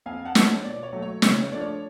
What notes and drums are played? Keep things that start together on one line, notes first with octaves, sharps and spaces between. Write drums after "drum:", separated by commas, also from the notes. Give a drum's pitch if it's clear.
F2 F5 G#5
F#5 A5
D3 F3 B3, drum: snare
C#5
B2 D5
C#5
F#3 A3
C#5
C#3 C#5, drum: snare
C#5
F3 A3 D4 D5
C#5